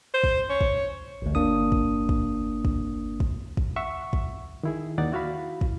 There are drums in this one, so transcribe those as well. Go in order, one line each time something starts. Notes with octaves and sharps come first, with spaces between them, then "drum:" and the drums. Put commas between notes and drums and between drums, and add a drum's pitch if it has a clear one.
C5
drum: kick
C#5
drum: kick
A1 D2
G1 A#3 D4 D#6
drum: kick
drum: kick
drum: kick
drum: kick
drum: kick
E5 F#5 C#6
drum: kick
D#3 E4 G#4
D#2 D#4 D5 F#5 A6
E4 F#4 F5 B5
drum: kick